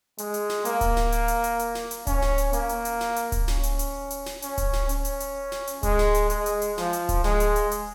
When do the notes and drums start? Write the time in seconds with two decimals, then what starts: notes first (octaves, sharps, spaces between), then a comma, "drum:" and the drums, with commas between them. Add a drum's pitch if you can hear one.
0.18 G#3, drum: hi-hat
0.34 drum: hi-hat
0.50 drum: snare
0.65 A#3, drum: hi-hat
0.81 drum: kick D1, hi-hat
0.97 drum: snare
1.12 drum: hi-hat
1.28 drum: hi-hat
1.44 drum: hi-hat
1.59 drum: hi-hat
1.75 drum: snare
1.91 drum: hi-hat
2.07 C#4, drum: kick D1, hi-hat
2.22 drum: snare
2.38 drum: hi-hat
2.53 A#3, drum: hi-hat
2.69 drum: hi-hat
2.85 drum: hi-hat
3.01 drum: snare
3.16 drum: hi-hat
3.32 drum: kick D1, hi-hat
3.48 C#4, drum: snare
3.63 drum: hi-hat
3.79 drum: hi-hat
4.10 drum: hi-hat
4.26 drum: snare
4.42 C#4, drum: hi-hat
4.58 drum: kick D1, hi-hat
4.73 drum: snare
4.89 C#4, drum: hi-hat
5.05 drum: hi-hat
5.20 drum: hi-hat
5.52 drum: snare
5.67 drum: hi-hat
5.83 G#3, drum: kick D1, hi-hat
5.99 drum: snare
6.15 drum: hi-hat
6.30 G#3, drum: hi-hat
6.46 drum: hi-hat
6.62 drum: hi-hat
6.78 F3, drum: snare
6.93 drum: hi-hat
7.09 drum: kick D1, hi-hat
7.24 G#3, drum: snare
7.40 drum: hi-hat
7.56 drum: hi-hat
7.71 drum: hi-hat